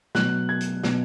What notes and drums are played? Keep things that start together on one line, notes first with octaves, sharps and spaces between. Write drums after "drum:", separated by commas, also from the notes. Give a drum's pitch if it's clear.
B2 F#3 F#6, drum: snare
G#6
drum: hi-hat
B2 F#3, drum: snare